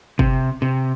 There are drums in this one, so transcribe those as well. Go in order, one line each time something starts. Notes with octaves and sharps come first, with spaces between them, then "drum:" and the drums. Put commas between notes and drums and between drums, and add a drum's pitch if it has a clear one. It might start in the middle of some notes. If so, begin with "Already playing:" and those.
C3, drum: kick G1
C3